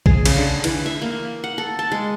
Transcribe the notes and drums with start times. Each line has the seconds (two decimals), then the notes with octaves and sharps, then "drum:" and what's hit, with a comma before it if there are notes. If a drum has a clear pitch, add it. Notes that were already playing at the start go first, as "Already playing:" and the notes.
0.06 G#4, drum: kick A#1
0.26 C#3, drum: cymbal
0.37 D3
0.64 E3, drum: cymbal
0.86 E5
1.02 A#3
1.44 F#5
1.58 A4
1.79 A5
1.92 G#3